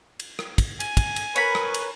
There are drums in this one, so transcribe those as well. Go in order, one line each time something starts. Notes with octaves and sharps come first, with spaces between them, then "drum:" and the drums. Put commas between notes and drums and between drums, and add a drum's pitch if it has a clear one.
drum: cymbal
drum: rim click
drum: kick, cymbal
G#5, drum: cymbal
drum: kick, cymbal
drum: cymbal
A#4 B4 C#5 A#5 B5, drum: cymbal
drum: rim click
drum: cymbal